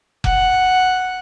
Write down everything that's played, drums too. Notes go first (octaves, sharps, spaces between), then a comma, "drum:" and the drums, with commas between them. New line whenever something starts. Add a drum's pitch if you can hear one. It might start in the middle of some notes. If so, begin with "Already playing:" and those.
F#5, drum: kick F1